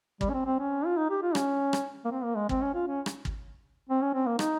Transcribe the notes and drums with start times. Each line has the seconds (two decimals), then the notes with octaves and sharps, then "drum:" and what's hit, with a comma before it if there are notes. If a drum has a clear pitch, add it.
0.21 G3, drum: kick
0.30 C#4
0.34 C4
0.46 C4
0.59 C#4
0.86 F4
0.97 D#4
1.10 G4
1.23 F4
1.35 C#4, drum: rim click
1.73 drum: rim click
2.05 A#3
2.11 C4
2.24 A#3
2.36 G#3
2.49 C4, drum: kick
2.61 C#4
2.74 F4
2.87 C#4
3.06 drum: rim click
3.25 drum: kick
3.89 C4
4.02 C#4
4.14 C4
4.26 A#3
4.39 D#4, drum: rim click